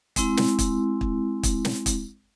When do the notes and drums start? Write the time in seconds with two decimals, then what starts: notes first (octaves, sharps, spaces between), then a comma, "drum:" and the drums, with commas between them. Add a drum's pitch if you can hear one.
0.16 G#3 C4 E4, drum: kick, hi-hat
0.37 drum: snare
0.59 drum: kick, hi-hat
1.01 drum: kick
1.43 drum: kick, hi-hat
1.65 drum: snare
1.86 drum: kick, hi-hat